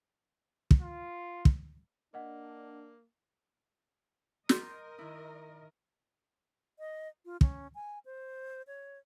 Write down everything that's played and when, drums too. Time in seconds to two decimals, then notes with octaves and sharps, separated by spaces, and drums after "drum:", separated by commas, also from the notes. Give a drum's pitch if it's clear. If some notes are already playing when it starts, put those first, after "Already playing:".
0.71 drum: kick
0.81 F4
1.45 drum: kick
2.14 A#3 D4 D#5 F#5
4.49 A#4 D#5 C6 G6, drum: snare
4.98 D#3 E4
6.79 D#5
7.25 F4
7.41 C#4, drum: kick
7.75 G#5
8.05 C5
8.67 C#5